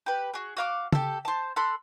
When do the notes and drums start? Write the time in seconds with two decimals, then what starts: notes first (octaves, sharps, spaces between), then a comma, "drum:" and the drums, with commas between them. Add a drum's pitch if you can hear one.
0.06 G4 B4
0.34 F#4 G#4
0.57 F#4 F5 D6
0.92 G4 A4, drum: tom
1.25 C5 A5
1.56 A4 B5 C6 F#6